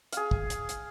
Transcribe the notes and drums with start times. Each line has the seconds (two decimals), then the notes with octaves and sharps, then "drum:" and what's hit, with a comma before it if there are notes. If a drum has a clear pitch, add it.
0.13 G#4 F5, drum: hi-hat
0.31 drum: kick
0.50 drum: hi-hat
0.69 drum: hi-hat